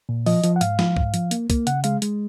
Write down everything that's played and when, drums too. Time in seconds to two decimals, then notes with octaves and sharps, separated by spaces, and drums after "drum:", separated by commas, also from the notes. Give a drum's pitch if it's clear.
0.09 A#2
0.26 F3 D#5, drum: open hi-hat
0.44 F3, drum: hi-hat
0.56 F#5
0.61 G#2 F5, drum: hi-hat
0.79 F3, drum: snare
0.97 G#2, drum: kick
1.14 F3, drum: hi-hat
1.31 A#3, drum: hi-hat
1.50 A#3, drum: kick, hi-hat
1.67 C#3 F#5, drum: hi-hat
1.84 G#3 F5, drum: hi-hat
2.02 G#3, drum: hi-hat